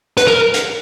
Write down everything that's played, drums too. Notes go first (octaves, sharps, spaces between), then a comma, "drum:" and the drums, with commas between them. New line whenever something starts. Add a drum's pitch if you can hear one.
B4, drum: hi-hat
A#4
drum: hi-hat